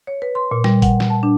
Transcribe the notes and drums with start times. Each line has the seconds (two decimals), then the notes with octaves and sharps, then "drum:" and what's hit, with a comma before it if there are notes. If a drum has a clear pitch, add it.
0.07 C#5
0.22 B4
0.35 C6
0.51 A#2
0.64 G3, drum: snare
0.82 F#5, drum: kick, hi-hat
1.00 drum: snare
1.10 A5
1.23 D4